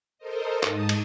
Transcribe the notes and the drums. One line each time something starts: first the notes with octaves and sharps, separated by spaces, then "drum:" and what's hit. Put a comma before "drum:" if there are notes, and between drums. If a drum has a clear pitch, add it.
A4 A#4 C5 D#5
G#2 D#4 A5 D#6, drum: clap
drum: cymbal